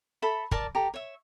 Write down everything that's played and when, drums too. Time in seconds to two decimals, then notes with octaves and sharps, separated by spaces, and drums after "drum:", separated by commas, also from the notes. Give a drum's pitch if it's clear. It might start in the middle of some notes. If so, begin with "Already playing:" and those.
0.22 A4 E5 B5
0.51 A#4 D5 A5, drum: kick
0.75 G4 A4 A#5
0.94 C#5 E5